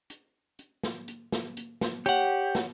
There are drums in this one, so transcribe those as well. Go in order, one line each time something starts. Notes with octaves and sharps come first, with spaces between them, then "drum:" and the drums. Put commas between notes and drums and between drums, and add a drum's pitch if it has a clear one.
drum: hi-hat
drum: hi-hat
drum: snare
drum: hi-hat
drum: snare
drum: hi-hat
drum: snare
G4 C#5 F#5, drum: hi-hat
drum: snare